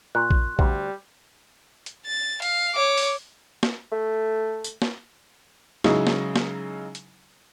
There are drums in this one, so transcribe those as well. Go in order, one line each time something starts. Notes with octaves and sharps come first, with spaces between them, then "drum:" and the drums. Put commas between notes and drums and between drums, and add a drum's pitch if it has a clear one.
A#2 C6 C#6 F#6
drum: kick
D2 G3, drum: kick
drum: hi-hat
A6
F5, drum: hi-hat
C#5 D6
drum: open hi-hat
drum: snare
A3
drum: tambourine
drum: snare
C#3 F#3 G#3 D#4 E4, drum: snare
drum: snare
drum: snare
drum: hi-hat